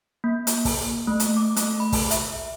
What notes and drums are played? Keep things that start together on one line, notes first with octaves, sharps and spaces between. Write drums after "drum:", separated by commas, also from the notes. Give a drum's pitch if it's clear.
A#3
drum: hi-hat
drum: kick, open hi-hat
A3
drum: hi-hat
D6
A3, drum: hi-hat
B5
drum: kick, open hi-hat
E5, drum: hi-hat